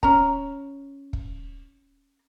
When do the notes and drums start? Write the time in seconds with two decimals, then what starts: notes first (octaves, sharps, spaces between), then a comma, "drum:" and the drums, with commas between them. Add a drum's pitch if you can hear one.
0.03 C#4 A#5, drum: kick
1.13 drum: kick